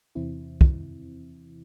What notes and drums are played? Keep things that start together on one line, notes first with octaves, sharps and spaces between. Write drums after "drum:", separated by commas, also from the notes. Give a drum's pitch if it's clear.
E2 C3 E3 C4 E4
drum: kick